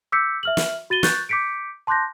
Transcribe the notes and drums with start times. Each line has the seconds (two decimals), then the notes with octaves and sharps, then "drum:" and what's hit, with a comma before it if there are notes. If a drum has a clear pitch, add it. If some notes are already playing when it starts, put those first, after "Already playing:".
0.12 D6 E6 G6 B6 C#7
0.43 E5 F6 F#7
0.57 drum: snare
0.90 F#4 A6 D#7 G7
1.03 C#6 F#6 G6 A6, drum: snare
1.29 D6 G6 B6 C#7 D7
1.87 A5 C6 D6 F#6 G6 A#6